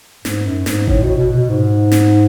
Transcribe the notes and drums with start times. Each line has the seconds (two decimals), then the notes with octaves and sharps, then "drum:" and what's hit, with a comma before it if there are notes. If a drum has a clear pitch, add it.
0.25 G#2, drum: snare
0.45 F#2
0.66 G#2, drum: snare
0.87 A2, drum: kick G#1
1.03 B2
1.18 B2
1.34 B2
1.50 G#2
1.92 drum: snare